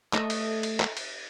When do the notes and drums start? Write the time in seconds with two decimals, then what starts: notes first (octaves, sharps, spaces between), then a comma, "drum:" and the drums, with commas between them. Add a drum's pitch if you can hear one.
0.13 A3 A4 D#5 E5, drum: clap
0.30 drum: cymbal
0.63 drum: cymbal
0.80 drum: clap
0.97 drum: cymbal